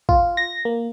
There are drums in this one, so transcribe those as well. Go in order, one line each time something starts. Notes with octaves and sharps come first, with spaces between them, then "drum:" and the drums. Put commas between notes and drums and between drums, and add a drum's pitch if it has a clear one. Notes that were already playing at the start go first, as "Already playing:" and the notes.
F4, drum: kick
A#6
A#3